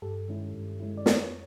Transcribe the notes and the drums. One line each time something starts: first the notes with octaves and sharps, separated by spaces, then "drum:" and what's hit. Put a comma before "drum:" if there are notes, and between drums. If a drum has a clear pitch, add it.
G2 G4 A4
D#3 G#3 C#4 E4
G2
D#3 G#3 C#4 E4
D5
F2 B4 C#5, drum: snare